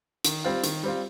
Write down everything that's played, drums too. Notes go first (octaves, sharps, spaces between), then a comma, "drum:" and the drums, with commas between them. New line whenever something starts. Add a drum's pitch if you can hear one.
D#3, drum: hi-hat
G3 C4 F4
D#3, drum: hi-hat
G3 C4 F4